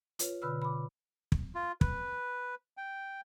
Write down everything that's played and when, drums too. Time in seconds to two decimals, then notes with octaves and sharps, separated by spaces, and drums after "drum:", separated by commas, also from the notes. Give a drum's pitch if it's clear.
0.19 F4 B4 C#5, drum: hi-hat
0.42 B2 D3 B4 B5 E6 F6
0.62 B5 D6
1.32 drum: kick
1.55 F4
1.81 B4, drum: kick
2.77 G5